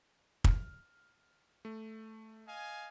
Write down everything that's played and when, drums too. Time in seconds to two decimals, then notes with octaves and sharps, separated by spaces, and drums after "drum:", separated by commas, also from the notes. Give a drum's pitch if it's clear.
0.44 F6, drum: kick
1.65 A3
2.47 D#5 F5 G#5